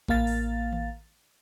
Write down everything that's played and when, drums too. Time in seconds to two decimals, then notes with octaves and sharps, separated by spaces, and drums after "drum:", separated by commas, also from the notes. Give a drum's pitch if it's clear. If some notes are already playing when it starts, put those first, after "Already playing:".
0.08 A1 A#3 F5 A6, drum: kick B1
0.27 drum: open hi-hat
0.73 drum: tom D#3